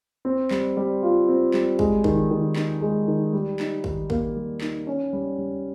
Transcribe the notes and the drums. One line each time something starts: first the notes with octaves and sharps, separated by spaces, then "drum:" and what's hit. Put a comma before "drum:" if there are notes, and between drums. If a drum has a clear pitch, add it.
C4
G3, drum: clap
G3
F4
C4
G3, drum: clap
G#3, drum: kick
D#3, drum: kick
D#3
D#4, drum: clap
G#3
D#3
G3
D#4, drum: clap
D#3, drum: kick
A#3, drum: kick
G3
D#4, drum: clap
C#4
G3
G3